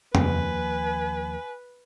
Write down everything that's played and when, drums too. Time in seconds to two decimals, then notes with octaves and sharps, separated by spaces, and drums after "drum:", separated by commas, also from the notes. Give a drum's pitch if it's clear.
0.15 D#2 F3 A#3 B4 G#5, drum: tom